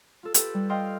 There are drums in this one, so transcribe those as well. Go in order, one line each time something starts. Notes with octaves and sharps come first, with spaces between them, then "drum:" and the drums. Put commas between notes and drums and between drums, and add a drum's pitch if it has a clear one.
F4 A4
G4 A4 B4, drum: hi-hat
G3
D#5 F5 G5 C6 D#6 F6